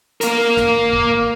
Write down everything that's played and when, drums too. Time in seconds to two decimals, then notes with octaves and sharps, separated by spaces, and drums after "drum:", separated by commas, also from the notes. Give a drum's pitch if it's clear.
0.21 A#3 A#4, drum: hi-hat
0.57 drum: snare
0.93 drum: kick